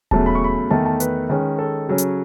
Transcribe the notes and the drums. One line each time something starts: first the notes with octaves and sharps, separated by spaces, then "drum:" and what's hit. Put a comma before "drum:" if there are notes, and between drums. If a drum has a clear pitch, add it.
E2 C#3 F#3 A3 A5, drum: kick D#1
B5
C#6
B5
E2 D#3 A3 A5
A5
B4, drum: hi-hat
D#3 G#3 C#4
A4
C#3 F#3 C#4
drum: hi-hat